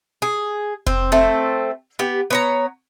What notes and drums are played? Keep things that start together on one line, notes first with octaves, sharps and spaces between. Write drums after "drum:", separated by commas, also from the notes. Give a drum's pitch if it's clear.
G#4
C4, drum: kick F1
A3 C4 A4
B3 G4
B3 C#5 A#5